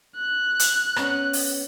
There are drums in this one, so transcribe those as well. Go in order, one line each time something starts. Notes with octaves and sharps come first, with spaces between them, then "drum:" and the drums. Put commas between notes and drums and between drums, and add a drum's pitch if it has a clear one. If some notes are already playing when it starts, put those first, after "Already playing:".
F#6
drum: hi-hat
B3 C#4, drum: rim click
drum: open hi-hat